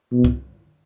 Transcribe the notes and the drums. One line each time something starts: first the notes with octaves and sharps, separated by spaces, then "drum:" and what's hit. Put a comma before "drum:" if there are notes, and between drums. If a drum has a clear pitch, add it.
B2
drum: kick C2